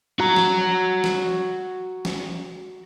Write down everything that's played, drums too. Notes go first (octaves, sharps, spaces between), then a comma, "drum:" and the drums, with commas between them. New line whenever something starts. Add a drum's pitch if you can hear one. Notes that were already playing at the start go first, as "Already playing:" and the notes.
F#4 A#5
drum: snare
drum: snare
drum: snare